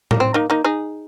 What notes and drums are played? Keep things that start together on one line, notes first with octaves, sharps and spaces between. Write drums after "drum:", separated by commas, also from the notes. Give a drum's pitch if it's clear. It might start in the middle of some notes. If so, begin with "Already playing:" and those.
A#3, drum: tom
C4
A#3 D#4
A#3 D#4
D#4 G#4